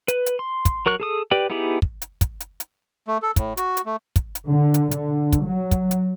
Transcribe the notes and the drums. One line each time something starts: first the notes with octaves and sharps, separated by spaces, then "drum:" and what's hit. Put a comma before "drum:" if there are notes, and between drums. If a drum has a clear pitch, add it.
B4, drum: hi-hat
drum: hi-hat
C6
drum: kick, hi-hat
F#3 A#4 C#6 F#6
G#4 A4 D#6
G4 B4 D5 G5
B3 D#4 E4 G4 G#4
drum: kick
drum: hi-hat
drum: kick, hi-hat
drum: hi-hat
drum: hi-hat
A3
A4
A2, drum: kick, hi-hat
F#4, drum: hi-hat
drum: hi-hat
A3
drum: kick, hi-hat
drum: hi-hat
D3
drum: hi-hat
D3, drum: hi-hat
drum: kick, hi-hat
F#3
drum: kick, hi-hat
drum: hi-hat